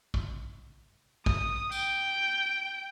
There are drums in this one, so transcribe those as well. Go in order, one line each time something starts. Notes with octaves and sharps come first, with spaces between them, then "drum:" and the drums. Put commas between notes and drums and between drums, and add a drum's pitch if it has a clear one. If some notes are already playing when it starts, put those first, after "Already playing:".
drum: kick
D#6, drum: kick
G5, drum: tambourine